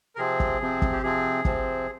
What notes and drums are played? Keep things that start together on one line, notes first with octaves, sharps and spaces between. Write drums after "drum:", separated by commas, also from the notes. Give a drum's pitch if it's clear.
A#4
C3 F3 C4 G#4
drum: kick
C3 F3 C4
drum: kick
G4
C3 F3 C4 G#4
C3 F3 C4, drum: kick